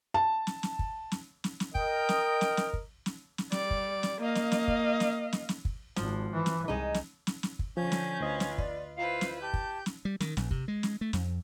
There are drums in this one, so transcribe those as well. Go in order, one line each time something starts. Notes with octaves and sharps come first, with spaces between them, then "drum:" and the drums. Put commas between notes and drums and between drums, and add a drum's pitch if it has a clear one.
A5
drum: snare
drum: snare
drum: kick
drum: snare
drum: snare
drum: snare
A#4 D#5 G5, drum: kick
drum: snare
drum: snare
drum: snare
drum: kick
drum: snare
drum: snare
G3 D5, drum: snare
drum: kick
drum: snare
A#3 D#5 F5
drum: snare
drum: snare
drum: kick
drum: snare
drum: snare
drum: snare
drum: kick
G#1 F3, drum: snare
E3
drum: snare
C2 G#3 D#4
drum: snare
drum: snare
drum: snare
drum: kick
D3 F3 C#4 G6
drum: snare
D2 F4 B4 C5 D#5
drum: snare
D5, drum: kick
E4 F4 B4 C5 F5
drum: snare
G4 A5 G6
drum: kick
drum: snare
G3
D#3, drum: snare
A#1, drum: snare
C3, drum: kick
G#3
drum: snare
A3
F2, drum: snare